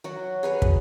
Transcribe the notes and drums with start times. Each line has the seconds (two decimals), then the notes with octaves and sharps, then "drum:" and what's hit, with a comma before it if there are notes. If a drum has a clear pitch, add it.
0.04 F#3 F#4
0.43 G#4 B4 C#5
0.62 drum: kick